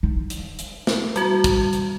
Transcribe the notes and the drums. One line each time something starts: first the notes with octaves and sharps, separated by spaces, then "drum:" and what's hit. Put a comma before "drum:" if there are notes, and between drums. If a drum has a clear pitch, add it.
D#4
drum: hi-hat
drum: hi-hat
drum: snare
G3 F#4, drum: hi-hat
drum: kick, hi-hat
drum: hi-hat